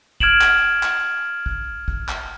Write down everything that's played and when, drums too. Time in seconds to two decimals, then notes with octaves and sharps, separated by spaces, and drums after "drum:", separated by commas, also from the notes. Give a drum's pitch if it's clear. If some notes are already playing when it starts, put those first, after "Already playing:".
0.20 F6 G#6 D7 E7 F#7, drum: kick
0.41 drum: clap
0.83 drum: clap
1.46 drum: kick
1.88 drum: kick
2.09 drum: clap